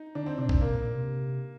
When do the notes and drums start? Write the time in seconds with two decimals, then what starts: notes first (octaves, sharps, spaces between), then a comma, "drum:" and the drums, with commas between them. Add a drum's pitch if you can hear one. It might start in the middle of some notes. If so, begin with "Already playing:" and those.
Already playing: D#4
0.15 D3 D4
0.26 C4
0.38 C3 D4
0.45 A#2
0.49 C3 C4, drum: kick
0.60 C3 A#3
0.72 A#2
0.83 A#2
0.94 C3
1.06 C3